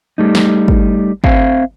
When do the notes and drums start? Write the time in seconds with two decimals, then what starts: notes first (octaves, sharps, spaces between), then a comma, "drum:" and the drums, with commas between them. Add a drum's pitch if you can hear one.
0.18 G3 A3 D#4
0.35 drum: snare
0.68 drum: kick G#1
1.24 C4 C5 E5 F5, drum: kick G#1